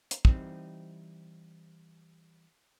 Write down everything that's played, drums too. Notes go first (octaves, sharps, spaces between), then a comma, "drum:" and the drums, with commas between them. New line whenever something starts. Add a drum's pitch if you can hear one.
drum: hi-hat
E3 G3 C4 D#4, drum: kick